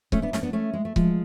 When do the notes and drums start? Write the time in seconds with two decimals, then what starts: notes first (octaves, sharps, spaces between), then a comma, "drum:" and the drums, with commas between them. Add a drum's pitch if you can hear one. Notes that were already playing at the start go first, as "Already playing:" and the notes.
0.12 A3 C#4, drum: kick C#1
0.22 B3 D4
0.33 A3 C#4, drum: snare
0.43 B3 D4
0.53 A3 C#4
0.73 G#3
0.85 A3
0.96 F3 G#3, drum: kick C#1